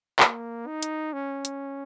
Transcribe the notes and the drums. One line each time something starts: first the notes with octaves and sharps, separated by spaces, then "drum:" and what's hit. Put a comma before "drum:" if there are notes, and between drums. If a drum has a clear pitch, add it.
A#3, drum: clap
D#4
drum: hi-hat
C#4
drum: hi-hat